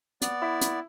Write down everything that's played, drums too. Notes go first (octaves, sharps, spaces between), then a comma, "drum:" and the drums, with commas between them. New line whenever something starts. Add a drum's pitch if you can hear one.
B3 D5, drum: hi-hat
E4
drum: hi-hat